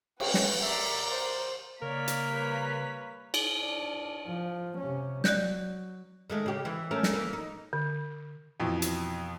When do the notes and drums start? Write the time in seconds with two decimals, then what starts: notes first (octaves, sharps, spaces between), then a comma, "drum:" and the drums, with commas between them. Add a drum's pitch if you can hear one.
0.20 C#4 B4 G5, drum: cymbal
0.34 drum: snare
0.62 A#4 D5 E5
1.11 C5
1.82 C#3 A#3 A#4 C#5 D5 F5 B6
2.08 drum: hi-hat
2.28 G3 B4 C#5
3.34 drum: cymbal
3.59 D4
4.27 F3
4.78 C3 C#4
5.24 F#3 D5 F#6 G6, drum: snare
6.30 D#3 G#3 A3
6.46 C#3 G4
6.65 E3 E4
6.91 A3 C#4 A#4
7.03 drum: snare
7.13 E3 A#3
7.33 D#4
7.73 D3
8.60 F2 B2 E3
8.82 drum: hi-hat